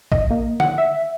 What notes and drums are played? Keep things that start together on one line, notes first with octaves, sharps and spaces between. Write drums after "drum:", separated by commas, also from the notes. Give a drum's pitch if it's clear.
D#5, drum: kick
A#3
F#5, drum: tom D3
E5